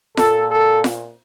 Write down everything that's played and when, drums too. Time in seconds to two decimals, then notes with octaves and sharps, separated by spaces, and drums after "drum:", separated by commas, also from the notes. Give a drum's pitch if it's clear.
0.17 A#2 A4, drum: snare F4
0.51 A4
0.84 drum: snare F4